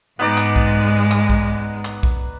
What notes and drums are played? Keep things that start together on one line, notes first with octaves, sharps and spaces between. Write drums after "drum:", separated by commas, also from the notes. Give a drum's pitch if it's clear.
G#2 G#3 B3 D#4 D5
drum: clap
drum: kick A#1
drum: clap
drum: kick A#1
drum: clap
drum: kick A#1